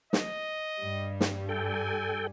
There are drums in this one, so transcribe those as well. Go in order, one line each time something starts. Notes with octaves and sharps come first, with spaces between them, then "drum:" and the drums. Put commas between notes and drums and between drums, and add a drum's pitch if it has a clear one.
D#5, drum: snare
G2 G3
drum: snare
A4 G5 G#5